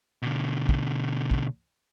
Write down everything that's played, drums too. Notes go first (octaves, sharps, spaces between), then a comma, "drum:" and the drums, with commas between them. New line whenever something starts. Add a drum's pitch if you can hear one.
B2 D3
drum: kick
drum: kick